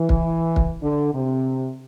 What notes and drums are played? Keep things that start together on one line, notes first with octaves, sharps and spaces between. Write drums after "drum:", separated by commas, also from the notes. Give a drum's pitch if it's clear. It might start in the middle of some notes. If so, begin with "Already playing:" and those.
Already playing: E3
drum: kick
drum: kick
D3
C3